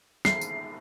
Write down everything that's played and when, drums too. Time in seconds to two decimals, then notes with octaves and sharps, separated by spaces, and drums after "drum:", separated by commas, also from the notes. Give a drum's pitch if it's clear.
0.25 C7, drum: snare
0.41 drum: tambourine